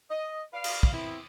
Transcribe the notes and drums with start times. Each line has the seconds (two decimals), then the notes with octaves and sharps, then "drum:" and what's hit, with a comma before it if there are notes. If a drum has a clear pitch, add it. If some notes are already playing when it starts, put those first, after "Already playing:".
0.11 D#5
0.54 B4 D5 F5
0.64 drum: cymbal
0.83 drum: kick
0.92 B3 C4 E4